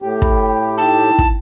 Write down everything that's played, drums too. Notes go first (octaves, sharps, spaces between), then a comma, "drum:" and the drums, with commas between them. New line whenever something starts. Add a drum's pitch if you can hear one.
A2 G4
B5, drum: kick
D#4 E4 G5 A5
drum: kick